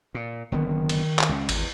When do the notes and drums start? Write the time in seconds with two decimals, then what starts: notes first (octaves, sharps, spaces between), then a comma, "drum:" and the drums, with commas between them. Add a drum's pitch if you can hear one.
0.14 A#2
0.52 F#1 D3 D#3 B3
0.68 D#3
0.89 drum: cymbal
1.19 drum: clap
1.29 C#2 C#3
1.49 G#1 E2, drum: cymbal